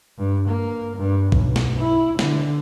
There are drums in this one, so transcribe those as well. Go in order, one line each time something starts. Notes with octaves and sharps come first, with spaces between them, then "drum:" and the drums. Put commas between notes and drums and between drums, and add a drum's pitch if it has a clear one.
G2
A#3
G2
B1, drum: kick
drum: snare
E4
D3, drum: snare